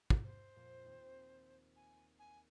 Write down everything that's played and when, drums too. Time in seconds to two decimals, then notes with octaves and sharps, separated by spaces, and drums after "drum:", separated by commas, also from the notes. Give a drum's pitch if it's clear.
0.10 drum: kick
0.24 C5
0.56 F2 A#2
0.85 D#2 C4
1.76 G#5
2.19 G#5